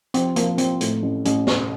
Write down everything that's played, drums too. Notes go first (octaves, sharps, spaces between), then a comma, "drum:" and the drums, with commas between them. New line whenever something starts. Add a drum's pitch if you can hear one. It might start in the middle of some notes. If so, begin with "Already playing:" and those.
F3 C4, drum: hi-hat
F3 A#3, drum: hi-hat
F3 C4, drum: hi-hat
A2, drum: hi-hat
A1
A1, drum: hi-hat
A2, drum: snare